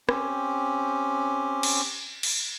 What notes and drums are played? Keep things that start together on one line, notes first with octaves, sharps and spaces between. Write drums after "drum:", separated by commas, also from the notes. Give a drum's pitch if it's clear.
C4 C#4 G4, drum: rim click
drum: cymbal
drum: cymbal